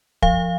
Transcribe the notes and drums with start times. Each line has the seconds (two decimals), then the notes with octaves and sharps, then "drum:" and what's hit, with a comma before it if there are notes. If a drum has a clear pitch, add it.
0.22 F3 F5, drum: kick